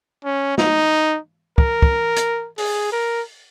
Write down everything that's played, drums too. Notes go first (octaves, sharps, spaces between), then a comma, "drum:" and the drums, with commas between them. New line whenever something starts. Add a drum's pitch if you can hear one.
C#4
D#4, drum: snare
A#4, drum: kick
drum: kick
drum: hi-hat
G#4, drum: open hi-hat
A#4